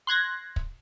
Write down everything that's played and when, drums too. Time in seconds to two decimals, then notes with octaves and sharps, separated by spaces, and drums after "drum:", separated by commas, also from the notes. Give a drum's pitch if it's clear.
0.07 C6 F#6 G#6 A#6
0.56 drum: kick